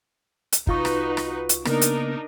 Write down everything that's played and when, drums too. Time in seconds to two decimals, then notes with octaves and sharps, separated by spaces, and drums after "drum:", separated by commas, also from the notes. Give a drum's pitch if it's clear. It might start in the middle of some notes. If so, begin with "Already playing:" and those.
0.52 drum: hi-hat
0.67 C2 D#4 F4 F#4 B4 C#6, drum: kick
0.85 drum: rim click
1.17 drum: rim click
1.49 drum: hi-hat
1.65 C#3 A#3 B3 D4 D#4 A#4, drum: rim click
1.81 drum: hi-hat